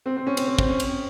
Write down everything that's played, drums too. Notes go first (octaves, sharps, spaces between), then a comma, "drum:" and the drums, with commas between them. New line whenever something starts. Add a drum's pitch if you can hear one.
C4
C4
C#4
C4, drum: cymbal
C4
C4, drum: kick
C#4
drum: cymbal